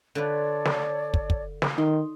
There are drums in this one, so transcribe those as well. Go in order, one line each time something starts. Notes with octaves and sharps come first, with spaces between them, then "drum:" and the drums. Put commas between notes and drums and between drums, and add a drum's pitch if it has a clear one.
D3 F4 A4 B4 C#5 D5
drum: snare
drum: kick
drum: kick
drum: snare
D#3 D#4 C6